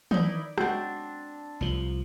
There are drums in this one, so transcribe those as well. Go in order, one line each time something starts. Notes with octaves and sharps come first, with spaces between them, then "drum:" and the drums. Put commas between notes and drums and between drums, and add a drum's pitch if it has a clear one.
D#4 E4 D5, drum: tom
G#3 C4 D4 F#4 G5, drum: rim click
C2 F3